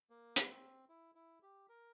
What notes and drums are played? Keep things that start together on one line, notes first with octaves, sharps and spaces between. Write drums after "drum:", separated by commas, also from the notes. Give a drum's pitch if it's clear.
A#3
drum: hi-hat
C4
E4
E4
G4
A#4